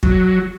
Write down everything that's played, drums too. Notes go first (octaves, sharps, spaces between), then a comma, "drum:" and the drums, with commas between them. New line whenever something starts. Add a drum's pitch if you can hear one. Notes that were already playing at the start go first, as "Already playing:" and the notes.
F#3, drum: kick